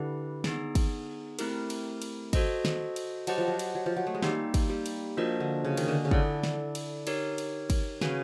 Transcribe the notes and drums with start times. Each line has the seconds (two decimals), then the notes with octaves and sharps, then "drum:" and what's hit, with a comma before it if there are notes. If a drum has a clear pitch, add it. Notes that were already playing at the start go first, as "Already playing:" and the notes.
Already playing: D3 E4 G4 B4
0.44 B3 D#4 G#4, drum: snare
0.75 drum: kick, cymbal
1.39 A3 C4 E4 G4 A#4, drum: cymbal
1.70 drum: cymbal
2.02 drum: cymbal
2.33 F#4 A4 C5 D#5, drum: kick, cymbal
2.65 drum: snare
2.96 drum: cymbal
3.27 F#3 G4 C5 D#5 F#5 A5, drum: cymbal
3.38 F3
3.48 F#3
3.59 drum: cymbal
3.75 F#3
3.86 F3
3.97 F#3
4.07 A3
4.14 G#3
4.22 G3 A#3 D#4 G4, drum: snare
4.54 drum: kick, cymbal
4.69 G3
4.86 drum: cymbal
5.17 F3 A#3 D4 F#4 A#4 D#5
5.40 D3
5.65 C#3
5.77 D#3, drum: cymbal
5.88 D3
6.05 C#3
6.11 D3 E4 A4 D5, drum: kick
6.43 drum: snare
6.75 drum: cymbal
7.07 D#4 G4 A#4 C#5, drum: cymbal
7.38 drum: cymbal
7.70 drum: kick, cymbal
8.01 C#3 C#4 F#4 B4, drum: snare